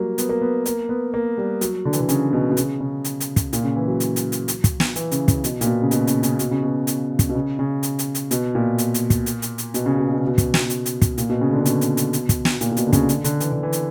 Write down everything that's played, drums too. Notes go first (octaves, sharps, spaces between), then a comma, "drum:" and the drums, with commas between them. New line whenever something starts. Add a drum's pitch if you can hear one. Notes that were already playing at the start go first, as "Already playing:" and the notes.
Already playing: F#3 G3 A#3
B3, drum: hi-hat
A#3
B3
A#3, drum: hi-hat
B3
A#3
G3
F#3, drum: hi-hat
D3
E3, drum: hi-hat
D3
C#3, drum: hi-hat
B2
B2
C#3, drum: hi-hat
C#3
drum: hi-hat
drum: hi-hat
drum: kick, hi-hat
A#2, drum: hi-hat
C#3
E3
F#3
drum: hi-hat
drum: hi-hat
drum: hi-hat
drum: hi-hat
drum: kick, hi-hat
drum: snare
E3, drum: hi-hat
C#3, drum: hi-hat
C#3, drum: kick, hi-hat
B2, drum: hi-hat
A#2, drum: hi-hat
B2
C#3
B2, drum: hi-hat
C#3, drum: hi-hat
C#3, drum: hi-hat
B2, drum: hi-hat
C#3
B2
drum: hi-hat
drum: kick, hi-hat
B2
C#3
C#3
drum: hi-hat
drum: hi-hat
drum: hi-hat
B2, drum: hi-hat
A#2
drum: hi-hat
drum: hi-hat
drum: kick, hi-hat
drum: hi-hat
drum: hi-hat
drum: hi-hat
B2, drum: hi-hat
C#3
B2
B2
C#3
B2
drum: kick, hi-hat
drum: snare
drum: hi-hat
drum: hi-hat
drum: kick, hi-hat
A#2, drum: hi-hat
B2
C#3
D3
C#3
B2, drum: hi-hat
drum: hi-hat
drum: hi-hat
drum: hi-hat
drum: kick, hi-hat
drum: snare
A#2, drum: hi-hat
A#2
B2, drum: hi-hat
D3
C#3, drum: kick, hi-hat
D3, drum: hi-hat
D3, drum: hi-hat
E3, drum: hi-hat
D3
E3
drum: hi-hat